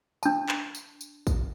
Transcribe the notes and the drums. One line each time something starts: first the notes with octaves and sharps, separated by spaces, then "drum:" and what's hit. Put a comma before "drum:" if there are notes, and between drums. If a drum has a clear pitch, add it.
D4 A5, drum: tambourine
drum: clap
drum: tambourine
drum: tambourine
drum: kick, tambourine